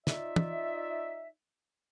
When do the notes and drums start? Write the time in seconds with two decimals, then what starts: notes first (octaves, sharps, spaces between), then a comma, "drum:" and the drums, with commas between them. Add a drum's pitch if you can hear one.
0.07 D#4 F4 D5 E5, drum: snare
0.36 drum: tom